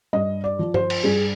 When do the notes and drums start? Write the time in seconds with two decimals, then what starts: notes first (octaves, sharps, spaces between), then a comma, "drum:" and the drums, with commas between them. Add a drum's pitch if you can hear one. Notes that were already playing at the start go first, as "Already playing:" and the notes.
0.13 G2 D#5
0.44 D5
0.59 F3
0.74 C5, drum: tom G2
0.90 drum: cymbal
1.04 G2 G#4